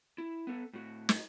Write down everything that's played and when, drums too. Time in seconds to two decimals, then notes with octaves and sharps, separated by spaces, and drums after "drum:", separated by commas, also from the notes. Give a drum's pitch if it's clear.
0.18 E4
0.47 B3 A4
0.73 A2 F#4
1.09 drum: snare